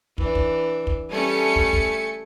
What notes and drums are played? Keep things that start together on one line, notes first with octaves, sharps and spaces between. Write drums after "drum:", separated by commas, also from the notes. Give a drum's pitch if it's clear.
E3 D4, drum: kick
drum: kick
drum: kick
G3 A3 C#4 G#5 C#7
drum: kick
drum: kick